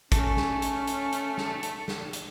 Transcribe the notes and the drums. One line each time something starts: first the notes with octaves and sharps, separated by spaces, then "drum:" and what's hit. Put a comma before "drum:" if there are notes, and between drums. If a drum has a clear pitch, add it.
A3 C#4, drum: kick, hi-hat
drum: snare
drum: hi-hat
drum: hi-hat
drum: hi-hat
drum: snare
drum: hi-hat
drum: snare
drum: hi-hat